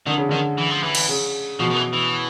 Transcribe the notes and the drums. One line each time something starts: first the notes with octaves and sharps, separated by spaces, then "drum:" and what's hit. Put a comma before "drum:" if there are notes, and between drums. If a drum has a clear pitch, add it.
D3 D#3
C#3
D3 D#3
E3
F3
E3
drum: cymbal
C#3
B2 F3
D#3
E3
E3